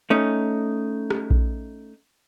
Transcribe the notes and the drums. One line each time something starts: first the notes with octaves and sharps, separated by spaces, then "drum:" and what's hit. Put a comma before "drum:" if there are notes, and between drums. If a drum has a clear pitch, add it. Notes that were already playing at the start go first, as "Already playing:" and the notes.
A3 C#4 D#4
drum: rim click
drum: kick A#1